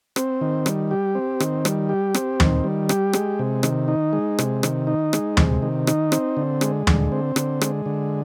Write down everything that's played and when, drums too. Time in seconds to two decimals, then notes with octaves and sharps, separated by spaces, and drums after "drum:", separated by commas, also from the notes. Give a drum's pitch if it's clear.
0.16 C4, drum: rim click
0.41 D#3
0.66 G3, drum: rim click
0.91 G4
1.15 C4
1.40 D#3, drum: rim click
1.65 G3, drum: rim click
1.89 G4
2.14 C4, drum: rim click
2.40 D#3, drum: tom
2.64 G3
2.89 G4, drum: rim click
3.13 G#3, drum: rim click
3.39 C3
3.63 D#3, drum: rim click
3.88 D#4
4.13 G#3
4.39 C3, drum: rim click
4.63 D#3, drum: rim click
4.87 D#4
5.13 G#3, drum: rim click
5.37 C3, drum: tom
5.62 D#3
5.87 D#4, drum: rim click
6.12 C4, drum: rim click
6.37 D3
6.61 G#3, drum: rim click
6.87 D3, drum: tom
7.12 C4
7.36 D3, drum: rim click
7.61 G#3, drum: rim click
7.86 D3